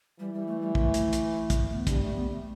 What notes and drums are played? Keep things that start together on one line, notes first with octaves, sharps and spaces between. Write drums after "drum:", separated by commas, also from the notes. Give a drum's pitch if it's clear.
E3 G3
G3
A3
G3
A3, drum: kick
drum: hi-hat
drum: hi-hat
drum: kick, hi-hat
A3
B3
G3 D4, drum: kick, hi-hat
A3
B3
A3